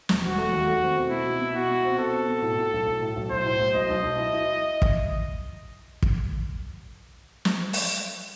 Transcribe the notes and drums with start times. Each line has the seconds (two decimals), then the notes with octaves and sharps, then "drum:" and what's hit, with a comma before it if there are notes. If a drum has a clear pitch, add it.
0.09 E1, drum: snare
0.23 E1 F#4
0.38 A3
0.53 D#2
0.67 A3
0.82 C4
0.97 B2
1.10 B2 E4
1.26 B2
1.40 B2
1.55 B2 F#4
1.70 B2
1.84 C4
1.98 B2 A4
2.13 B2
2.28 B2
2.42 A2
2.58 A2
2.73 B1
2.87 B1
3.01 A2
3.16 B1
3.30 B1 C5
3.45 A2
3.59 B1
3.75 B1 D#5
3.90 B1
4.03 B1
4.18 E4
4.34 E4
4.82 drum: kick
6.03 drum: kick
7.45 drum: snare
7.73 drum: open hi-hat